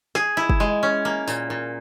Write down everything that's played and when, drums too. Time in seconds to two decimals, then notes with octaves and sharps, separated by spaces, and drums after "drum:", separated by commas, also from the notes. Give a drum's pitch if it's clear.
0.15 G#4, drum: snare
0.37 E4
0.50 drum: kick
0.60 G#3
0.83 C#4
1.05 A#3
1.28 A#2, drum: tambourine
1.50 A#2